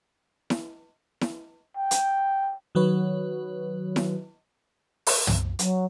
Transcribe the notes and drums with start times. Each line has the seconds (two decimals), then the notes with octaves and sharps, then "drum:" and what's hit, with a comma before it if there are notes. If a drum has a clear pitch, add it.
0.50 drum: snare E4
1.21 drum: snare E4
1.77 G5
1.91 drum: hi-hat
2.75 D#3 F#3 F#4 B4 C#5
3.96 drum: snare E4
5.07 drum: open hi-hat
5.27 drum: tom
5.59 F#3, drum: hi-hat